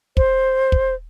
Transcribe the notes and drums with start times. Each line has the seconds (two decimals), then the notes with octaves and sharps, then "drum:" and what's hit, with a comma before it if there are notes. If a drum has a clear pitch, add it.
0.17 C5, drum: kick
0.72 drum: kick